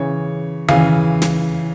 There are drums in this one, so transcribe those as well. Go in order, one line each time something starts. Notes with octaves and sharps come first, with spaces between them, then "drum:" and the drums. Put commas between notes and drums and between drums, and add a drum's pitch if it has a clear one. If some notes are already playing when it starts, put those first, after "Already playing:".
Already playing: C#3 E3 C#5
C#3 E3 F5, drum: tom D#3
drum: snare